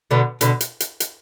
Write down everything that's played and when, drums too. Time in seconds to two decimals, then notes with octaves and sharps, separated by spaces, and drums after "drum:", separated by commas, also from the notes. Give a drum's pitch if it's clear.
0.11 B2 D3
0.41 B2 D3, drum: hi-hat
0.61 drum: hi-hat
0.80 drum: hi-hat
1.00 drum: hi-hat